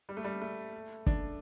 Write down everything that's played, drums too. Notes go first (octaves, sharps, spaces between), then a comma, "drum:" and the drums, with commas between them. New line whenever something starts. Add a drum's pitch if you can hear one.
G3
A3
G3
A3
D4, drum: kick